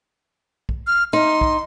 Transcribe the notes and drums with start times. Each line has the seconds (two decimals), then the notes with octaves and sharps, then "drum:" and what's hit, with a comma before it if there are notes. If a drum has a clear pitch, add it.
0.69 drum: kick
0.87 F6
1.13 D#4 C6
1.41 drum: kick